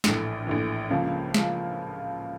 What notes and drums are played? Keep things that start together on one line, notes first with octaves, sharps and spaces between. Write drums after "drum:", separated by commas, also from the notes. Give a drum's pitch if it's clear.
A#1 A2 E3, drum: snare
A#1 A2 E3
C#2 C#3 F3 A#3
C#2 C#3 F3 A#3, drum: snare